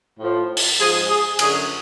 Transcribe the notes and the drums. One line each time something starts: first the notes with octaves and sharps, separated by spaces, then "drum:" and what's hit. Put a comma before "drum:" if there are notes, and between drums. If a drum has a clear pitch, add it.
A2 F3
drum: open hi-hat
G#2 F3 G#4
G#4
F#2 D3 F#3 G#4, drum: cymbal